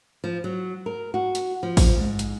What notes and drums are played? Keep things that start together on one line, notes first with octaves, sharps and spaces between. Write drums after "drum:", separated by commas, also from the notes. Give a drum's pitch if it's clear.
F3
F#3
A#4
F#4
drum: hi-hat
F3
drum: kick A1, open hi-hat
G#2
drum: hi-hat